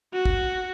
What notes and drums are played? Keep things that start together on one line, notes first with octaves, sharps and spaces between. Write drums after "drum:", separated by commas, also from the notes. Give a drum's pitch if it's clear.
F#4
drum: kick